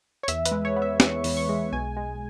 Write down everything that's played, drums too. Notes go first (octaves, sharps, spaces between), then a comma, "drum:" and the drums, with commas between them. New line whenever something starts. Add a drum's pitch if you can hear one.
C#5
E2 E5, drum: hi-hat
B4, drum: hi-hat
G#3
C#5
B3
E5
E3 C#6, drum: snare
E2, drum: open hi-hat
C#6
G#3
B1 G#5
G#3